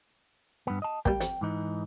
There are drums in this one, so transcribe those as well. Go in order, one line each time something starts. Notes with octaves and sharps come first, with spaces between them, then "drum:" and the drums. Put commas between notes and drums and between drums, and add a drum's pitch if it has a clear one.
G2 B3
D#5 A5
G3 A#3 G5, drum: kick
F2, drum: hi-hat
G#2 E3 D#4